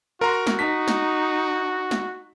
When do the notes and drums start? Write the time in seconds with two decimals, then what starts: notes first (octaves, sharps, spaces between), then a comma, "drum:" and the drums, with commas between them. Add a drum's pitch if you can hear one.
0.21 F#4 A#4 A#5 C6
0.47 drum: snare
0.59 D#4 B6
0.88 drum: snare
1.91 drum: snare